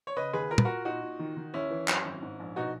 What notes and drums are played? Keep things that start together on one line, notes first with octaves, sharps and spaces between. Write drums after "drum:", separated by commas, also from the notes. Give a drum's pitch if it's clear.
C#5
C#3 B4 D#5
D#2 G#4 B4
A#2 A#4
B4, drum: tom
A#2 F#4 A#4
A#2 D#4 F#4
A#2
D#3
D#3
D#2 C#4 E4
E3
F#2, drum: clap
G#1
G#2
A#1
B2 D#4 F#4